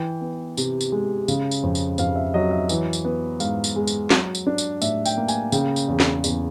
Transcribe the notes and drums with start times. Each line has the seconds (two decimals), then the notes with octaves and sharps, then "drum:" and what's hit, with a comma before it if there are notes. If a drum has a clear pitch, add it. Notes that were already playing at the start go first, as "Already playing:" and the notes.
Already playing: E3 G5
0.21 B3
0.57 C3, drum: tambourine
0.81 drum: tambourine
0.92 G#3
1.28 C#3, drum: tambourine
1.51 drum: tambourine
1.63 F2
1.75 drum: tambourine
1.98 F2 F5, drum: tambourine
2.16 E5
2.34 F#3 D#5
2.51 E5
2.69 E3, drum: tambourine
2.93 drum: tambourine
3.05 B3
3.40 G#2 F5, drum: tambourine
3.64 drum: tambourine
3.76 G#3
3.87 drum: tambourine
4.10 F#3, drum: snare
4.35 drum: tambourine
4.47 D4
4.58 drum: tambourine
4.82 A2 E5, drum: tambourine
5.05 G5, drum: tambourine
5.17 A#3
5.28 G#5, drum: tambourine
5.52 C#3 G5, drum: tambourine
5.76 drum: tambourine
5.88 E2
6.00 drum: snare
6.24 E2, drum: tambourine